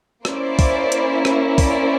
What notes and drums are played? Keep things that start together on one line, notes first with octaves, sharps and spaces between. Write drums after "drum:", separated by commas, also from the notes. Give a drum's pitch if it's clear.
A#3 C#4 E4 C5 D5, drum: rim click
drum: kick, open hi-hat
drum: hi-hat
drum: rim click
C5 D5, drum: kick, open hi-hat